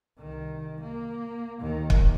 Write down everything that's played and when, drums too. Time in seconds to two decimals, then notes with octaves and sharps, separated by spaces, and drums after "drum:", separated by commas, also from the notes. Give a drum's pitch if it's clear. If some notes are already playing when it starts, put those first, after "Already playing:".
0.19 C2 D#3
0.81 A#3
1.59 D#2 D#3
1.90 drum: kick